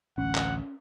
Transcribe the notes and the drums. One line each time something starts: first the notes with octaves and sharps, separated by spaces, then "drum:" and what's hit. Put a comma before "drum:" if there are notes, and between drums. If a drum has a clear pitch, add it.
A1 D2 C#4 F#5
drum: clap